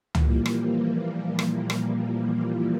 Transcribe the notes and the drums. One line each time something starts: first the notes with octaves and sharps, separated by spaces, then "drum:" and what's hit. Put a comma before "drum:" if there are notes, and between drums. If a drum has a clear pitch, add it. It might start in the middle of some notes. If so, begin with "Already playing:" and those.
A#2 E3 F3 G3 A#3, drum: tom C#2
drum: rim click
drum: rim click
drum: rim click